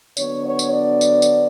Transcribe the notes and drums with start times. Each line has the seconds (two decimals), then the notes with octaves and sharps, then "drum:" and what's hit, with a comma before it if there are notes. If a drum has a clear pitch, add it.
0.17 D3 F#3 B3 D4 C#5, drum: tambourine
0.45 C#5
0.59 drum: tambourine
0.72 D5
1.01 drum: tambourine
1.22 drum: tambourine